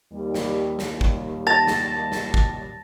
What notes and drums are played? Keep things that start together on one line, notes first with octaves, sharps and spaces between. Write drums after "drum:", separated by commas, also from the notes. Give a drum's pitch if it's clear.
D#2 G3
drum: snare
drum: snare
drum: kick
A5 A6 A#6 F7
drum: snare
drum: snare
drum: kick